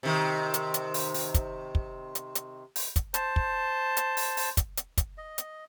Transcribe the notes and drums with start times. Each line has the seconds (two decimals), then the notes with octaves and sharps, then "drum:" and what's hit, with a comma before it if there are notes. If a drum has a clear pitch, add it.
0.03 C3 D#3
0.54 drum: hi-hat
0.74 drum: hi-hat
0.94 drum: open hi-hat
1.14 drum: open hi-hat
1.34 drum: kick, hi-hat
1.75 drum: kick
2.15 drum: hi-hat
2.35 drum: hi-hat
2.76 drum: open hi-hat
2.96 drum: kick, hi-hat
3.14 C5 A5, drum: hi-hat
3.36 drum: kick
3.97 drum: hi-hat
4.17 drum: open hi-hat
4.37 drum: open hi-hat
4.57 drum: kick, hi-hat
4.77 drum: hi-hat
4.97 drum: kick, hi-hat
5.18 D#5
5.38 drum: hi-hat